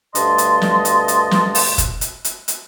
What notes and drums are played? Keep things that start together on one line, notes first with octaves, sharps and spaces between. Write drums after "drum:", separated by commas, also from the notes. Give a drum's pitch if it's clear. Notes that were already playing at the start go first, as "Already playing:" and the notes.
D2 G2 D#5 A5 C6, drum: hi-hat
drum: hi-hat
drum: snare
drum: hi-hat
drum: hi-hat
drum: snare
drum: open hi-hat
drum: kick F1, hi-hat
drum: hi-hat
drum: hi-hat
drum: hi-hat